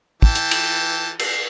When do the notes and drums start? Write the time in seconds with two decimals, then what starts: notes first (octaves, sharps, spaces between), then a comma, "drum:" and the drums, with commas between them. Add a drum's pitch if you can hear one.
0.22 E3 G5 A5, drum: kick
0.35 drum: hi-hat
0.51 drum: cymbal
1.19 drum: cymbal